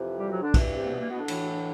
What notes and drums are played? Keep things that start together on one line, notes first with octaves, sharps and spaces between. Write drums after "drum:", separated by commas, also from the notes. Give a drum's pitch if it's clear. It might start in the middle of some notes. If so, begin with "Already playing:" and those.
Already playing: F2 C3 E3
G3 G4
F#3 F#4
D3 D4
G2 E3, drum: kick, cymbal
C3 C4
A#3
B2 B3
A#3
B2 B3
D3 D4
A2 E3, drum: cymbal